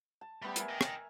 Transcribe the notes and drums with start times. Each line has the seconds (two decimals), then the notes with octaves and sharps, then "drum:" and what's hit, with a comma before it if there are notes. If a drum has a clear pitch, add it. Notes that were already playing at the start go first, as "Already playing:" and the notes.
0.21 A5
0.42 G3 A3 B3 G4
0.56 A#4 E5 G#5, drum: hi-hat
0.69 D#5 G5
0.81 drum: rim click